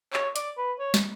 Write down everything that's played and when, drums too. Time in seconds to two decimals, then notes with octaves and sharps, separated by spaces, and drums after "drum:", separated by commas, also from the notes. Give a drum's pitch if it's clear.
0.13 C#5, drum: clap
0.36 D5, drum: hi-hat
0.57 B4
0.80 C#5
0.94 drum: snare